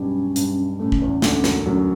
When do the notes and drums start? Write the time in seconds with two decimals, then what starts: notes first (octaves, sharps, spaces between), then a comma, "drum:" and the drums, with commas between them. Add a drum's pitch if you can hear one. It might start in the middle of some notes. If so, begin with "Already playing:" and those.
Already playing: B1 G2 B2 G3 C#4
0.36 G2 G3, drum: hi-hat
0.79 A2 A3 C#4
0.92 drum: kick
1.02 E2 E3
1.22 D2 D3, drum: snare
1.44 F#2 F#3, drum: snare
1.66 F#2 F#3 C#4